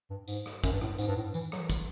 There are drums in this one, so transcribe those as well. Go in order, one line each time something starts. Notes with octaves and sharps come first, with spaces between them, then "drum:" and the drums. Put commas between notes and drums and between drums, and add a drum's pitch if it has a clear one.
G2
G#2, drum: tambourine
drum: rim click
F#2, drum: kick, tambourine
G2
A2, drum: rim click
G#2, drum: tambourine
G2
A2
E3, drum: tambourine
F#3, drum: rim click
E3
drum: kick, tambourine